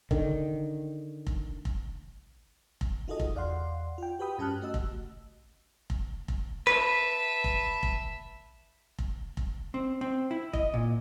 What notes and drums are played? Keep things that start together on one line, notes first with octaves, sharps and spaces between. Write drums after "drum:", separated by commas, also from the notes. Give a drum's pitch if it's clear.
D3 D#3, drum: kick F1
drum: kick F1
drum: kick F1
drum: kick F1
D#4 F4 F#4 G#4 A4 D#5
drum: kick F1
E2 D5 F5 F#5 C6
F4 G5
F#4 G4 B4 G5 B5 D#6
G2 C#4 G4 A5 F6 F#6
A3 F#4 D#5 E6
drum: kick F1
drum: kick F1
drum: kick F1
B4 E5 A5
drum: kick F1
drum: kick F1
drum: kick F1
drum: kick F1
C4
C4
E4
D#5, drum: kick F1
A#2